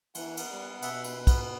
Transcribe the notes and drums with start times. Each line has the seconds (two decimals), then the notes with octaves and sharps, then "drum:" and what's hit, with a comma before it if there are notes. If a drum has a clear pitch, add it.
0.15 E3 F#5, drum: cymbal
0.37 B3, drum: cymbal
0.49 G3
0.59 F#5
0.82 B2 E5, drum: cymbal
1.04 B4, drum: cymbal
1.27 B3, drum: kick, cymbal